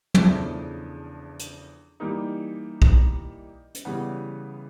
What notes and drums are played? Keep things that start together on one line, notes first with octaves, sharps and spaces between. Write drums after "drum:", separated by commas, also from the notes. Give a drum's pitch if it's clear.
E2 C#3 F3 A3 D4, drum: tom
drum: hi-hat
E3 G3 A#3 D#4
drum: kick B1
drum: hi-hat
C#3 E3 G3 B3